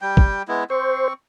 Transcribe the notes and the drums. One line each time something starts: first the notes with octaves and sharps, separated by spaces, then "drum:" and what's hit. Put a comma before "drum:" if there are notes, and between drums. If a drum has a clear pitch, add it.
G3 G5
drum: kick
G#3 B3 E4
C4 C5 C#6